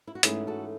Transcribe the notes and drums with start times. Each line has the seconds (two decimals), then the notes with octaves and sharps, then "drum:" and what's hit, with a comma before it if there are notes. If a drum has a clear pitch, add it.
0.07 E4
0.15 F#4
0.23 G#2 E3 A3 C#4 E4 G#4, drum: hi-hat
0.47 F#4 A4